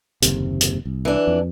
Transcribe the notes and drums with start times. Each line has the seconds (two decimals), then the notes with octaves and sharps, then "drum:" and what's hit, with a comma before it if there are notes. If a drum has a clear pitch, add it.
0.22 F#1 D#2 C3, drum: hi-hat
0.61 drum: hi-hat
0.85 C2
1.05 E3 D4
1.27 F2